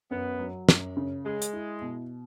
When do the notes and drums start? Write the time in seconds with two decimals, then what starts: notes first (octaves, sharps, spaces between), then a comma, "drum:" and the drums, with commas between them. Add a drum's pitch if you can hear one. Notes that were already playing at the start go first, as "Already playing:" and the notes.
0.11 F#2 B3
0.39 F#3
0.69 F#2, drum: snare
0.97 C#3
1.25 G#3 G#4
1.42 drum: hi-hat
1.53 E4
1.81 B2